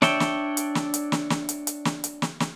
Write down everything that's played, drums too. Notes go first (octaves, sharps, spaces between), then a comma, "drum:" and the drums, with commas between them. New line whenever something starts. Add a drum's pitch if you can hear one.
D4 C#5 D5 E5 G5, drum: snare
drum: snare
drum: hi-hat
drum: snare
drum: hi-hat
drum: snare
drum: snare
drum: hi-hat
drum: hi-hat
drum: snare
drum: hi-hat
drum: snare
drum: snare